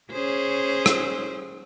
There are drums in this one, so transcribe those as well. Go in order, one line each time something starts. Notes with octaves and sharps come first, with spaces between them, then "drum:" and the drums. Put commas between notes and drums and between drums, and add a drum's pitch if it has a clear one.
C#4 G#4 C5
drum: rim click